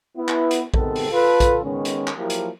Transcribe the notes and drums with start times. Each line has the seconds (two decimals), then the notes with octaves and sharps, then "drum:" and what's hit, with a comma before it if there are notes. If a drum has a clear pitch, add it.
0.16 B3 E4
0.29 drum: clap
0.51 drum: hi-hat
0.74 C3 D#3 G#3 B3 C4 A4, drum: kick A#1
0.96 drum: open hi-hat
1.11 F4 A4 B4
1.40 drum: kick A#1, hi-hat
1.63 D#3 G#3 B3 C#4
1.85 drum: hi-hat
2.07 drum: clap
2.17 F3 F#3 A#3 E4 G4 A#4
2.30 drum: hi-hat